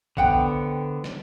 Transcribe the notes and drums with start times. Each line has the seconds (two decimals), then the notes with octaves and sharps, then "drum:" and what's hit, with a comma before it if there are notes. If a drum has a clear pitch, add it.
0.17 D3 B3 C5 F#5 G5, drum: kick A#1
1.04 drum: snare